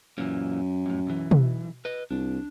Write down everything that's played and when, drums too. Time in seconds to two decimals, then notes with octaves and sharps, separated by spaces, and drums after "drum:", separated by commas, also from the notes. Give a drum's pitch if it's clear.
0.18 F#2 A#2 E3
0.86 F2 A2
1.07 B1 E3
1.31 drum: tom
1.85 B4 D#5
2.11 C2 D4